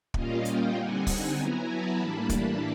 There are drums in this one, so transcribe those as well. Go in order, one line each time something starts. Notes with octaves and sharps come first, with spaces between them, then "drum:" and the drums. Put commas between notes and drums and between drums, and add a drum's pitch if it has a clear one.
A#2 G3 A#3 C#4 F4 D#5 F5, drum: kick
F5 G5, drum: hi-hat
D3 G3 C4 D#4 F#5 G#5
drum: kick, open hi-hat
F#3 B3 E4 G#5 A#5
A5 B5
A2 E3 G3 A#3 D4
drum: kick, hi-hat